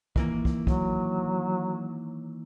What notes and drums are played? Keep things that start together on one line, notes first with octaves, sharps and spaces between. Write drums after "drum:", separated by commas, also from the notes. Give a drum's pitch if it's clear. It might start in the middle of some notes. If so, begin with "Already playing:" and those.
D#3 E3 A#3, drum: kick
drum: kick
F#3, drum: kick